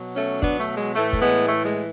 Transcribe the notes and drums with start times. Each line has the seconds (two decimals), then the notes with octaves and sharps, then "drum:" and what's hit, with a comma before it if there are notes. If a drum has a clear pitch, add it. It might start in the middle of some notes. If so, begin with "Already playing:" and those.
Already playing: B2 F#3
0.16 A3 C#4
0.43 B3 D4, drum: kick, hi-hat
0.60 A3, drum: hi-hat
0.77 G#3, drum: hi-hat
0.95 A2 E3 A3, drum: hi-hat
1.13 drum: kick, hi-hat
1.22 G#3 B3
1.49 A3, drum: hi-hat
1.66 G#3, drum: hi-hat